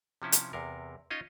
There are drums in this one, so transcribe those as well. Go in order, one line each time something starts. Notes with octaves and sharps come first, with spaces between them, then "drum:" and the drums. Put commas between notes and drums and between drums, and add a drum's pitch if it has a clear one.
C3 F3 C#4 E4
drum: hi-hat
E2 C3 A#4
C#4 D#4 F4 C#5 D#5